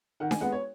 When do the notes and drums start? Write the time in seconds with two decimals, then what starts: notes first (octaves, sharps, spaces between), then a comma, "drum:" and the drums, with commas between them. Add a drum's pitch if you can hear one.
0.20 D#3 F#5
0.31 G#5, drum: snare D4
0.41 G#3 B3 F#5
0.52 C#5